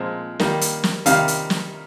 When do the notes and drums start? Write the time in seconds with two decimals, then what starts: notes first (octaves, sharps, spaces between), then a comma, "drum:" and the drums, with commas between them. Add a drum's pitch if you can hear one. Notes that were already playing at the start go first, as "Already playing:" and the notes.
Already playing: A#2 F3 G#3 C4
0.39 D#3 G3 A#3, drum: snare
0.61 drum: hi-hat
0.84 drum: snare
1.06 C3 D#3 G3 F5, drum: hi-hat
1.28 drum: hi-hat
1.50 drum: snare